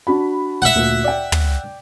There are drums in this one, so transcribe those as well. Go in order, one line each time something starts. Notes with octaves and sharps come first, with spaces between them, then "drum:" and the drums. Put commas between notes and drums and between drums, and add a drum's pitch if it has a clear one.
D4 F#4 B5
E5 F#5
D2 A#2
D5 G5
drum: tom